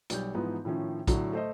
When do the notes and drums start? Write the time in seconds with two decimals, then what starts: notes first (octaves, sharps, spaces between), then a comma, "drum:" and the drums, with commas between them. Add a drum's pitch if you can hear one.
0.10 B1 G3 G6, drum: hi-hat
0.35 G#2 E3 F3 B3 D#4
0.65 A2 D#3 F3 C#4
1.07 A2 D3 F#3, drum: kick, hi-hat
1.33 A3 C5 D#5